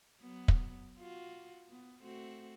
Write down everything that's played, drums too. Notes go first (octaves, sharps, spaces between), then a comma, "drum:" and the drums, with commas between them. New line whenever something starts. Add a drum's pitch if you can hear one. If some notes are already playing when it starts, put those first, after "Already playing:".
F#3 B3
drum: kick
F4 F#4
B3
A3 C4 F#4